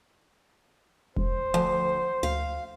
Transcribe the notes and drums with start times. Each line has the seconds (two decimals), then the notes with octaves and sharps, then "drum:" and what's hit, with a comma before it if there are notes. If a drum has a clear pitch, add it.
1.16 E1 C5, drum: kick F1
1.54 D2 F3
2.23 D2 F5